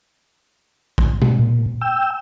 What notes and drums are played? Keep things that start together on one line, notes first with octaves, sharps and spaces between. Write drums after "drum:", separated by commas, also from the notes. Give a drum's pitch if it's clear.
drum: kick A#1
drum: tom B2
A#2
G5 E6